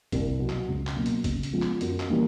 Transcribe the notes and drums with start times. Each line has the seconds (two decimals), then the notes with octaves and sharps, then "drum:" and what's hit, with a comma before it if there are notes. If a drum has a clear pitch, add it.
0.12 C2, drum: kick, hi-hat
0.40 B2 F#3 B3
0.49 drum: clap
0.68 C#2
0.87 drum: clap
0.96 B2 F#3 A#3
1.06 drum: hi-hat
1.24 C#3, drum: kick, hi-hat
1.43 drum: hi-hat
1.53 F3 G#3 B3
1.62 drum: clap
1.81 F#2, drum: hi-hat
2.00 drum: clap
2.10 E3 G3 A#3